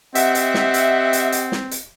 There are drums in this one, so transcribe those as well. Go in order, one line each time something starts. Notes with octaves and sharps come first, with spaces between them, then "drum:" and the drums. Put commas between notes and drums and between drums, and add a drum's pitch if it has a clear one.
C4 G4 D#5 E5 F#5, drum: hi-hat
drum: hi-hat
drum: snare
drum: hi-hat
drum: hi-hat
drum: hi-hat
drum: snare
drum: hi-hat